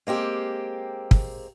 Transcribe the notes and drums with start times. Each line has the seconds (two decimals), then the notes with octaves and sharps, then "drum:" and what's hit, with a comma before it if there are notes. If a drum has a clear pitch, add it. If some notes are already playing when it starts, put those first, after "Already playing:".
0.07 G#3 A#3 C4 G4
1.11 drum: kick